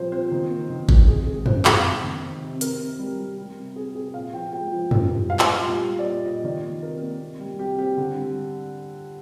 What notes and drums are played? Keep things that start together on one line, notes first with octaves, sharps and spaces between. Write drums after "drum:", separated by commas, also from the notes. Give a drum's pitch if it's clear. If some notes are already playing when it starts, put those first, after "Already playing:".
Already playing: A#2 F3 G3 C4 C5
C4 C5
D#3
A#3
D#3
D#3, drum: kick G#1
C3 G#4
G#3 G#4
F3 C5, drum: tom
C3, drum: clap
C3
D#3
C4
C3
C3 A#4, drum: hi-hat
C3
G3
G3
G3
C3
C3 G#4
C3 G#4
A#2 F5
F3 G5
G#3 G5
F3
A#3, drum: tom
G3
A#2 F5
drum: clap
A#2
G3
G3
D5
A#2 D#5
A#2 D#5
D#3 D5
A#3
C3 A#4
A#3
C3
G3
C3 G4
C4 G4
D3
G3